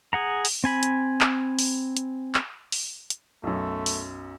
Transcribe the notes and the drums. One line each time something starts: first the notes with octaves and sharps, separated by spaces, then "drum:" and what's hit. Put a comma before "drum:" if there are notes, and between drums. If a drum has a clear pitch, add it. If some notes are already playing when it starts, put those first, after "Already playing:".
G#4 F#5 A#5
drum: open hi-hat
C4 G#5 B5
drum: hi-hat
drum: clap
drum: open hi-hat
drum: hi-hat
drum: clap
drum: open hi-hat
drum: hi-hat
B1 F#2 A3
drum: open hi-hat